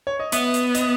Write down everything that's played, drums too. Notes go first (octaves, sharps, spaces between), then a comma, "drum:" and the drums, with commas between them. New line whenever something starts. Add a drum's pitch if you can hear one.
C#5
D#5
B3 E5, drum: hi-hat
drum: hi-hat
D#5, drum: hi-hat